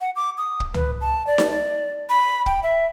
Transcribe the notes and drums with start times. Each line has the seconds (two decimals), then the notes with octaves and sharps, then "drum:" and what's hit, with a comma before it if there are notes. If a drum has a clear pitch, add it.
0.01 F#5
0.16 D6
0.38 D#6
0.60 drum: kick
0.74 B4, drum: tom C#2
1.01 A5
1.27 D5
1.38 drum: snare D#4
1.51 D5
2.09 B5
2.46 G5, drum: kick
2.63 E5